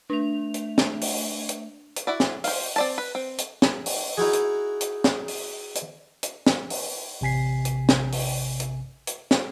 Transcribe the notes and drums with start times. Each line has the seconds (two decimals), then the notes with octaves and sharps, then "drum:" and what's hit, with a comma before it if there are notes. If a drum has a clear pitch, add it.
0.10 A3 D4 F7
0.54 drum: hi-hat
0.78 drum: snare
1.01 drum: open hi-hat
1.49 drum: hi-hat
1.96 drum: hi-hat
2.07 E4 F#4 D5
2.20 drum: snare
2.44 C5 F5, drum: open hi-hat
2.76 C4 D5 A5
2.98 B4
3.15 C4
3.38 drum: hi-hat
3.62 drum: snare
3.86 drum: open hi-hat
4.17 D#4 E4 F#4 G#4
4.33 drum: hi-hat
4.81 drum: hi-hat
5.04 drum: snare
5.28 drum: open hi-hat
5.75 drum: hi-hat
6.23 drum: hi-hat
6.47 drum: snare
6.70 drum: open hi-hat
7.21 A1 C3 G#5 B6 C7
7.65 drum: hi-hat
7.89 drum: snare
8.12 drum: open hi-hat
8.60 drum: hi-hat
9.07 drum: hi-hat
9.31 drum: snare